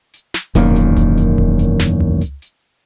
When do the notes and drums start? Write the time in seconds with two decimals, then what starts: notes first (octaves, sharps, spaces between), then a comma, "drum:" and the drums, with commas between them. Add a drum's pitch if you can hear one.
0.14 drum: hi-hat
0.34 drum: snare
0.55 E1 F#2 D#3 A#3, drum: kick D#1, hi-hat
0.76 drum: hi-hat
0.97 drum: kick D#1, hi-hat
1.17 drum: hi-hat
1.38 drum: kick D#1
1.59 drum: hi-hat
1.80 drum: snare
2.00 drum: tom C#2
2.21 drum: hi-hat
2.42 drum: hi-hat